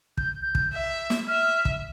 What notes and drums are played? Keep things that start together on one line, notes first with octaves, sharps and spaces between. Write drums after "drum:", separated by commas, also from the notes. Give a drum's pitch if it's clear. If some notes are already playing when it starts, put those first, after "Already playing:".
G6, drum: kick
G6
drum: kick
E5
drum: snare
E5 F6
drum: kick